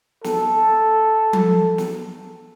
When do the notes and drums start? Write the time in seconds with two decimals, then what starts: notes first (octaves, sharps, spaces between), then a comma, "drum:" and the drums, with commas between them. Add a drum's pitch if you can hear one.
0.24 A4, drum: snare
1.33 drum: tom F3
1.78 drum: snare